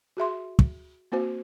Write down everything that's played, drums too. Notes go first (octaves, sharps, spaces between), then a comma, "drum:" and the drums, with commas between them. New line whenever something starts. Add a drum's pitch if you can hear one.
F#4 G#4 E5 C6
drum: kick
A#3 C4 F#4 C5